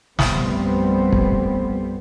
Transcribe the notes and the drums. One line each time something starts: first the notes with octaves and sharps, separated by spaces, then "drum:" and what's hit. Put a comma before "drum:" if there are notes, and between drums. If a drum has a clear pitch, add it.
A#1 F#2 G3 A3 B3 C4, drum: snare
drum: kick